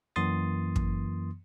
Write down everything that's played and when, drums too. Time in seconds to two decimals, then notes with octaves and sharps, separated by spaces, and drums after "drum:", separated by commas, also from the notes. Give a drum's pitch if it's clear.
0.16 F#2 E3 A#3 C6 D#6 A6
0.76 drum: kick